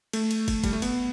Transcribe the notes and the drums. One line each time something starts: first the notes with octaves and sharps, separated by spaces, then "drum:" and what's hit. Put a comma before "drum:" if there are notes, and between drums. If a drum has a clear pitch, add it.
A3, drum: cymbal
drum: cymbal
drum: kick, cymbal
G3, drum: kick, cymbal
A3
B3, drum: cymbal